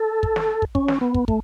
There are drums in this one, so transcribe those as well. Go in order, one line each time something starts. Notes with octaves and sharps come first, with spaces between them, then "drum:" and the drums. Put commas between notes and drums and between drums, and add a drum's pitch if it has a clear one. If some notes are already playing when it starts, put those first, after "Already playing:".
Already playing: A4
drum: kick
drum: snare
drum: kick
C#4, drum: kick
drum: snare
B3
drum: kick
A3, drum: kick